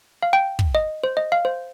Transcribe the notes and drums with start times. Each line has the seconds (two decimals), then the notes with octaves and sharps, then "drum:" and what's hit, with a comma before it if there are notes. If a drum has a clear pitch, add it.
0.23 F5
0.33 G5
0.59 drum: kick
0.75 D#5
1.04 C5
1.17 D#5
1.32 F5
1.45 C5